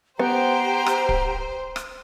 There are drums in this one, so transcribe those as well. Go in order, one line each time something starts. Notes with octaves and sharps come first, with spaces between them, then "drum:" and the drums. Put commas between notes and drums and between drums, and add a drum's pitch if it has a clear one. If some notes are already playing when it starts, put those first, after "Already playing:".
B3 G4 C5 G5 A#5
drum: rim click
drum: kick D1
drum: rim click